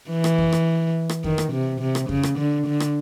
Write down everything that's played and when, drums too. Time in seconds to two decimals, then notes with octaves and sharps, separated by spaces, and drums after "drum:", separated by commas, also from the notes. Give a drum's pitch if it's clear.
0.09 E3
0.24 drum: rim click
0.38 drum: kick F2
0.52 drum: rim click
1.09 drum: rim click
1.24 D#3, drum: kick F2
1.38 drum: rim click
1.52 C3
1.80 C3
1.95 drum: rim click
2.09 C#3, drum: kick F2
2.23 drum: rim click
2.38 D3
2.67 D3
2.80 drum: rim click